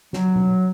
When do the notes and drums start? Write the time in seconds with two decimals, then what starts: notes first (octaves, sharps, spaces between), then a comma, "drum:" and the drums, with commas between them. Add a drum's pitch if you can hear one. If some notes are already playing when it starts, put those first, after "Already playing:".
0.13 F#3, drum: snare
0.36 drum: tom B2